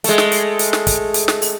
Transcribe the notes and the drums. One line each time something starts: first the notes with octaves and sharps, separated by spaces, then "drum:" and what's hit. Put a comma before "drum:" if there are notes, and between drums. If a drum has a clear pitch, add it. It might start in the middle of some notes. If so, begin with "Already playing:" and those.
G#3 A3, drum: hi-hat
drum: snare
drum: hi-hat
drum: hi-hat
drum: snare
drum: kick, hi-hat
drum: hi-hat
drum: snare
drum: open hi-hat